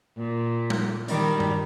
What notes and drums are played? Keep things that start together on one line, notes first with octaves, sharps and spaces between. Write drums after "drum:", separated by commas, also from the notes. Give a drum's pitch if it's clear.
A#2
drum: tom G3
D#3 G3, drum: hi-hat
drum: tom G2